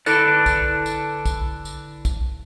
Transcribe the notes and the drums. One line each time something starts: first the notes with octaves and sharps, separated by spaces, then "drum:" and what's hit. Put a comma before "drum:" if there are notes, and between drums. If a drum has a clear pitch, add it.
D3 D4 E4 A4 B4 D5, drum: tambourine
drum: kick, tambourine
drum: tambourine
drum: kick, tambourine
drum: tambourine
drum: kick, tambourine